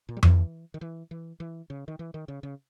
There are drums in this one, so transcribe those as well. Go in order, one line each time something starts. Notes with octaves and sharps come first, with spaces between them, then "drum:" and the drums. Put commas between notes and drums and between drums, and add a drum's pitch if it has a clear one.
A#2
G3
E3, drum: tom F2
D#3
E3
E3
E3
C#3
D#3
E3
D#3
C#3
C#3